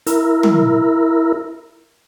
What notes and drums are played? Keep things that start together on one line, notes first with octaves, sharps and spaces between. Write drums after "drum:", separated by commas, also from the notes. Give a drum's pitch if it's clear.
E4 A#4, drum: hi-hat
drum: tom